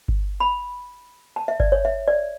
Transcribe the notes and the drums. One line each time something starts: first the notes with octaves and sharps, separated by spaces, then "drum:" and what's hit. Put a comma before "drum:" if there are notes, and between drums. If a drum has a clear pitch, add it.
drum: kick G1
B5
A5
E5
D5, drum: kick G1
C#5
E5
D5